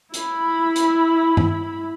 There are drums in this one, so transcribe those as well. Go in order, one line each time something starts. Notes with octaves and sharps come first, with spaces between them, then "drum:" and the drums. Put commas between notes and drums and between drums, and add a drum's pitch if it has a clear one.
E4 B5, drum: hi-hat
drum: hi-hat
drum: tom G2